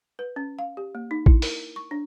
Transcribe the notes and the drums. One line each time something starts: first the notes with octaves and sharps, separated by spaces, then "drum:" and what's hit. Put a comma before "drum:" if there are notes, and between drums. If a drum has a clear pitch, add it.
B4
C#4
F5
G4
A#3
D#4
E4, drum: kick A1
A#4, drum: open hi-hat
C#6
D4